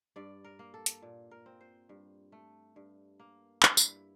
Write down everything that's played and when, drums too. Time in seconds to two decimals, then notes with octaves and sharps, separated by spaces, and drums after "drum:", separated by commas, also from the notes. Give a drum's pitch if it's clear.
0.16 G2 D5
0.44 A#4
0.59 A#3
0.74 A4
0.86 drum: hi-hat
1.02 A#2
1.31 A#4
1.46 C4
1.61 C5
1.89 G2
2.32 A3
2.76 G2
3.20 A#3
3.63 G2 E4, drum: clap
3.77 drum: tambourine